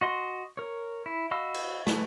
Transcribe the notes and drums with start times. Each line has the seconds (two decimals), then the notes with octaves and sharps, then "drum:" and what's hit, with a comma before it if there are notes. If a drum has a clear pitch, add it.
0.01 F#4 D#5 C6
0.57 A#4 C#5
1.06 E4
1.31 F#4 D#5 F5 B5 E6
1.54 drum: cymbal
1.87 A3 A4 B4, drum: snare